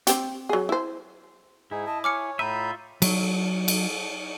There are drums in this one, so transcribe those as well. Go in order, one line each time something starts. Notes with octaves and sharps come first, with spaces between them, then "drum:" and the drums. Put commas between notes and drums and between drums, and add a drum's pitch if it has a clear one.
C4 G4, drum: hi-hat
F#3 G#4
E4 C5
G#2 D#4 E4 G#4
D#5 A5
C#5 G#5 D6 F6 C#7
A2 F4 D#5 E5 A#5 B5 G6 D#7
F#3, drum: cymbal
drum: cymbal